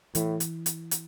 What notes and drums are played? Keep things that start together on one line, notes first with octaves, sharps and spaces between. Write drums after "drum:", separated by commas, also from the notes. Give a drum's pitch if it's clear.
A2 E3, drum: hi-hat
drum: hi-hat
drum: hi-hat
drum: hi-hat